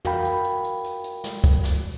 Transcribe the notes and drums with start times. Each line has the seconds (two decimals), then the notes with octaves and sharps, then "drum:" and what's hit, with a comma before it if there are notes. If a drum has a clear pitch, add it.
0.05 F#4 A#4 F5 G5 B5, drum: tom
0.25 drum: hi-hat
0.44 drum: hi-hat
0.64 drum: hi-hat
0.84 drum: hi-hat
1.04 drum: hi-hat
1.24 drum: snare
1.44 drum: kick, hi-hat
1.64 drum: snare